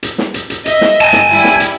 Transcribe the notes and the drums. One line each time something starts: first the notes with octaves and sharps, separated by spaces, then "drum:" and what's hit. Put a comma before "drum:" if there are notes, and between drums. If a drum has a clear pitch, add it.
drum: hi-hat
drum: snare
drum: hi-hat
drum: hi-hat
D#5 E5, drum: hi-hat
drum: snare
G#5 A5
drum: snare
G3 E4
drum: snare
drum: hi-hat